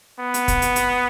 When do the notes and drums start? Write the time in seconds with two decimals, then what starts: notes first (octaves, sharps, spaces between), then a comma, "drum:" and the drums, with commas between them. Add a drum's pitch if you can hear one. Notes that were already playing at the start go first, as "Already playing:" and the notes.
0.19 B3
0.34 drum: hi-hat
0.48 drum: kick, hi-hat
0.62 drum: hi-hat
0.76 drum: hi-hat